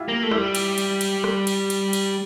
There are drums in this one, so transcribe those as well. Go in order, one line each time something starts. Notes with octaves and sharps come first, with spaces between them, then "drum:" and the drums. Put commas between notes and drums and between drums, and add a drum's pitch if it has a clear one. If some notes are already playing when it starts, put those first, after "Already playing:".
Already playing: E4 F4 G4
A#3
A3
G3 E4, drum: rim click
drum: cymbal
drum: cymbal
drum: cymbal
drum: rim click
drum: cymbal
drum: cymbal
drum: cymbal